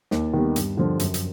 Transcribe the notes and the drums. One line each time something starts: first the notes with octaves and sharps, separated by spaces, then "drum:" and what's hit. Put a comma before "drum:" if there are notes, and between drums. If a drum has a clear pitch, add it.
D#2, drum: snare
D#3 G3 B3
G2, drum: hi-hat
D3 F3
F#2, drum: hi-hat
drum: hi-hat